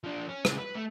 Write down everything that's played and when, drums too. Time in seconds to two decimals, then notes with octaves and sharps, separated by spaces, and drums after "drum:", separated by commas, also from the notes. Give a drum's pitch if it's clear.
0.04 F3 D4
0.28 C#4
0.45 C#3 G#3, drum: rim click
0.58 B4
0.75 A3